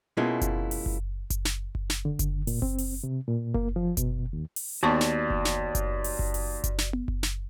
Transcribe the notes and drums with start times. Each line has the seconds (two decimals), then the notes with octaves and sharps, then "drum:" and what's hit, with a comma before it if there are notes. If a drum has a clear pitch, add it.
0.17 B2 G#3 A#3 C#4 E4 F4
0.41 drum: kick F#1, hi-hat
0.71 drum: open hi-hat
0.86 drum: kick F#1
1.30 drum: kick F#1, hi-hat
1.45 drum: snare
1.75 drum: kick F#1
1.90 drum: snare
2.05 D3
2.19 drum: kick F#1, hi-hat
2.47 A#2, drum: open hi-hat
2.62 C4, drum: kick F#1
2.78 drum: open hi-hat
3.03 C3
3.28 A#2
3.54 A#3, drum: kick F#1
3.76 F3
3.97 B2, drum: kick F#1, hi-hat
4.33 D#2
4.56 drum: open hi-hat
4.83 D#2 B3 F#4 D5 A5 C#6
5.01 drum: snare
5.30 drum: kick F#1
5.45 drum: snare
5.75 drum: kick F#1, hi-hat
6.04 drum: open hi-hat
6.19 drum: kick F#1
6.34 drum: open hi-hat
6.64 drum: kick F#1, hi-hat
6.78 drum: snare
6.93 drum: tom B3
7.08 drum: kick F#1
7.23 drum: snare